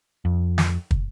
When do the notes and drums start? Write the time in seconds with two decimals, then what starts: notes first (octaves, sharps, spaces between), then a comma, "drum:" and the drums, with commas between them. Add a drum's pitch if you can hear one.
0.25 F2
0.58 drum: snare
0.91 drum: kick